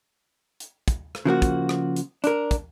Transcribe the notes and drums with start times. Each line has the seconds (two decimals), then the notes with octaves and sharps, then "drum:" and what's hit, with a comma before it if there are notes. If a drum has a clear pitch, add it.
0.60 drum: hi-hat
0.88 drum: kick, hi-hat
1.15 drum: rim click
1.25 C#3 F3 A#3 F#4
1.42 drum: kick, hi-hat
1.69 drum: rim click
1.96 drum: hi-hat
2.24 D4 A#4, drum: hi-hat
2.51 drum: kick, hi-hat